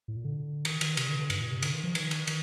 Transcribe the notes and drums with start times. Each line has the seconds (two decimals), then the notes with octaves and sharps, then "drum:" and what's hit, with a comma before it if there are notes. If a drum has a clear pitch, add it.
0.08 A2
0.16 A#2
0.25 D3
0.65 D#3, drum: cymbal
0.81 D#3, drum: cymbal
0.97 C3, drum: cymbal
1.08 D3
1.19 D3
1.30 G2, drum: cymbal
1.41 A#2
1.51 C3
1.62 D3, drum: cymbal
1.74 D#3
1.84 F3
1.95 D#3, drum: cymbal
2.11 drum: cymbal
2.27 D#3, drum: cymbal